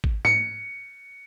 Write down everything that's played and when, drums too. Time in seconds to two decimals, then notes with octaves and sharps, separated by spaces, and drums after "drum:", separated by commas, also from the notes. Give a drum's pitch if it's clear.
0.04 drum: kick G#1
0.25 C#7, drum: tom G#2